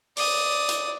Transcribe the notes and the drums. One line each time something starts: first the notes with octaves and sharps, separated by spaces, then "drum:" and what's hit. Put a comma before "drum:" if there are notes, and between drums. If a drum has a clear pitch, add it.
D5 D#6, drum: open hi-hat
drum: hi-hat